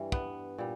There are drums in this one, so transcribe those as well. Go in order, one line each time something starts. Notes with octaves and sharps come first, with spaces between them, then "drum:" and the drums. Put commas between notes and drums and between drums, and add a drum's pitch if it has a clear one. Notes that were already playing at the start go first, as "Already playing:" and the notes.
Already playing: G2 E3 G3
B3, drum: kick
A#2 G3